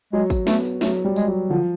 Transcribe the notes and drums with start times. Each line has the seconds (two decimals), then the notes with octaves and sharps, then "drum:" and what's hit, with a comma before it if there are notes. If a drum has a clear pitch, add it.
0.13 F#3 G#3
0.30 drum: kick G#1, tambourine
0.47 A3 B3, drum: snare
0.65 drum: tambourine
0.81 F#3 A3, drum: snare
1.05 G3
1.16 G#3, drum: tambourine
1.28 F#3
1.50 D3 F3